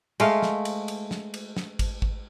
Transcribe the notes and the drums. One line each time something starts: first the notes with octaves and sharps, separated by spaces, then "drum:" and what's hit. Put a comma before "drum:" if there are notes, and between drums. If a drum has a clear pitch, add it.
G#3 A3 F5, drum: cymbal
drum: snare
drum: cymbal
drum: cymbal
drum: snare
drum: cymbal
drum: snare
drum: kick, cymbal
drum: kick